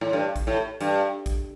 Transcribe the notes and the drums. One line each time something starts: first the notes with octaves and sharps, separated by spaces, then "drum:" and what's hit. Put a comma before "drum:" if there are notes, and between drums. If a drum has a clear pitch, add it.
A2
G2
drum: kick A1, hi-hat
A2
G2, drum: hi-hat
drum: kick A1, hi-hat